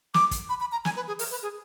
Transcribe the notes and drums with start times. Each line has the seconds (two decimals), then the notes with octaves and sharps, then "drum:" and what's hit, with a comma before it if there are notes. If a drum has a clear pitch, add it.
0.14 D6, drum: snare
0.31 drum: kick, hi-hat
0.49 B5
0.60 B5
0.72 A#5
0.85 G#5, drum: snare
0.96 B4
1.08 G#4
1.19 A#4, drum: open hi-hat
1.31 B4
1.43 G#4